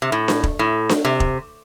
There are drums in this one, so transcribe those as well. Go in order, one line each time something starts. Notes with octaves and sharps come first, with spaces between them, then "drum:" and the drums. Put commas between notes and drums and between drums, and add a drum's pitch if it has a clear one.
C3
A2
drum: snare D4
drum: kick
A2
drum: snare D4
C3
drum: kick